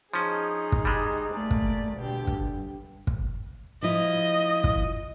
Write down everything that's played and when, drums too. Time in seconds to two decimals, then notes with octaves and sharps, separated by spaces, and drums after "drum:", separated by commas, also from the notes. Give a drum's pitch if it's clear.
0.14 F3 C#4 D#4 G#4
0.72 drum: kick
0.85 G3 G#3
1.33 A3 A#3 D5
1.51 drum: kick
1.96 B2 D3 G4
2.27 G2, drum: kick
3.07 drum: kick
3.82 F3 E4 F4 D#5
4.64 drum: kick